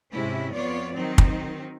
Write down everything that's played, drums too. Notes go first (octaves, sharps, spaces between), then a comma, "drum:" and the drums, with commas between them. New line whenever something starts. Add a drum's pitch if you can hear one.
G#2 C3 G#3 C#4 E4
F2 B3 F4 C#5 D5
D#3 F#3 C4 D#4
drum: kick